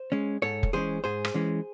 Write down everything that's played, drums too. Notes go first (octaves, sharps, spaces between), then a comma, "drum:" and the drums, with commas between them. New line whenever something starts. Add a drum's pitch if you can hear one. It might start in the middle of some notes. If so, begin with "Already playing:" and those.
Already playing: C5
G#3 C#4
G#2 A4 C#5
drum: kick F1
E3 G#3 C#4 G#4 C5
G#2 G#4 C5
drum: rim click
E3 G#3 C#4